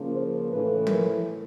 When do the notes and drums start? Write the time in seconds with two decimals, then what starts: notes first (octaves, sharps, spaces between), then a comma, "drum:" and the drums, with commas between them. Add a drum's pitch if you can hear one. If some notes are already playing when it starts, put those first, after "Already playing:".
Already playing: C#3 F3 A#3
0.12 C5
0.49 A2 E3 A3 B4
0.87 A#4, drum: tom